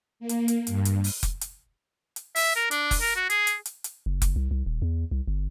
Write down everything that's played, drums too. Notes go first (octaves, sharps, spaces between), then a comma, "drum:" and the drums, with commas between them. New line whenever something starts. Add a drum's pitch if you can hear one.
A#3
drum: hi-hat
drum: hi-hat
G2, drum: hi-hat
drum: hi-hat
drum: open hi-hat
drum: kick F1, hi-hat
drum: hi-hat
drum: hi-hat
E5, drum: open hi-hat
A#4
D4, drum: hi-hat
drum: kick F1, open hi-hat
A#4
F#4
G#4, drum: hi-hat
drum: hi-hat
drum: hi-hat
drum: hi-hat
F#1
drum: kick F1, hi-hat
C2
C2
D#1
E2
C2
G1